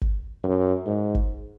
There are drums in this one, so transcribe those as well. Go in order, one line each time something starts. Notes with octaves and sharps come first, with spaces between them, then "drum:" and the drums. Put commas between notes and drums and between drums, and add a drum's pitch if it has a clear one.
drum: kick
F#2
G#2
drum: kick